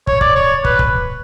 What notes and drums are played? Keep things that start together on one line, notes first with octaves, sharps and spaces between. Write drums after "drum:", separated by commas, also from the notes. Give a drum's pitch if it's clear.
C#5, drum: kick
D5, drum: kick
C#5
B4, drum: kick
drum: kick